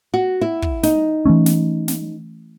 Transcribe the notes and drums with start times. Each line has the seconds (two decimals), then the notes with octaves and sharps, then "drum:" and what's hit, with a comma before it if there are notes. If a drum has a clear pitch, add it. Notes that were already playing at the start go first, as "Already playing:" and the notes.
0.14 F#4
0.41 E4
0.62 drum: kick
0.83 D#4, drum: snare
1.26 E3 A3 C#4
1.46 drum: snare
1.88 drum: snare